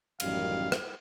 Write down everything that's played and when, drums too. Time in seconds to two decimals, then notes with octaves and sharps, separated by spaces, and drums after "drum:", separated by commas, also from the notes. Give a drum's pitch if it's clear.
0.20 A1 F#2 D#3 G3 F5, drum: cymbal
0.72 drum: rim click